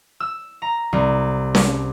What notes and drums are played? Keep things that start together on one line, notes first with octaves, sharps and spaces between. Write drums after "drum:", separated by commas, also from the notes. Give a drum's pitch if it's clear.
E6
A#5
C2
drum: snare C#4